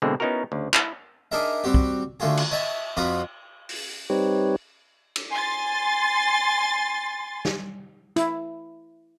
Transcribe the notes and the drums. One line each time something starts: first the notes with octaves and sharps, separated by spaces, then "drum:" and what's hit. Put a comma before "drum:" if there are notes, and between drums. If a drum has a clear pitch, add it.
B2 D3 E3 G#3 A#3 C4
B3 C#4 D#4 E4 F#4 A#4
D2 C#3
E4, drum: clap
D4 D#4 G#4 A#4 E5
G3 C4 F#4 G4
drum: kick
D3 A3 F4 F#4 G#4
drum: cymbal
C#5 D#5 E5 A5
F2 F4 F#4 A#5 B5 D#6
drum: open hi-hat
G3 C4 D#4 G4 B4 C#5
drum: cymbal
G#5 C6 A6
drum: snare
E4, drum: hi-hat